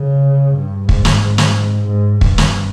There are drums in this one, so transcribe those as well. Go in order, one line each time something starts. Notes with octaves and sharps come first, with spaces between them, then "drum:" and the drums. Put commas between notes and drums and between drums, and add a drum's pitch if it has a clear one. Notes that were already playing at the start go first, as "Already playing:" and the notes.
Already playing: C#3
G2
G#2, drum: kick
drum: snare
drum: snare
G#2
G2, drum: kick
drum: snare